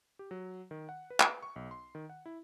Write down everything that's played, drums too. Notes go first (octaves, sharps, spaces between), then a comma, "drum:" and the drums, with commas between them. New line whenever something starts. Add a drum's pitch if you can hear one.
G4
F#3
D#3
F#5
B4
drum: clap
C#6
B1
C6
D#3
F#5
E4